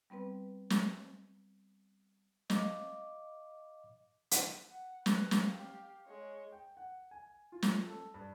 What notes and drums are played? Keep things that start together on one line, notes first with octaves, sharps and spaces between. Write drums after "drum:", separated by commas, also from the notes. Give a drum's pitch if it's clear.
G3 B3 C4 B4
drum: snare
D#5 F5 D6, drum: snare
drum: hi-hat
F#5
B4 F#6, drum: snare
drum: snare
G4 F5
G#3 C#5
G5
F#5
G#5
F4
drum: snare
A4
G2